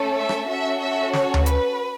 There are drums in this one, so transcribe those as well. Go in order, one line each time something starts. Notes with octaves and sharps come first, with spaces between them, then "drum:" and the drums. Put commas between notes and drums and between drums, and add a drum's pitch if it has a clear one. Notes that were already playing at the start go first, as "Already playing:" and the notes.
Already playing: A3 C#4 A4
E5
drum: rim click
C#4 F#4 A4 E5
E5
C#5, drum: snare
drum: tom D2
B4, drum: hi-hat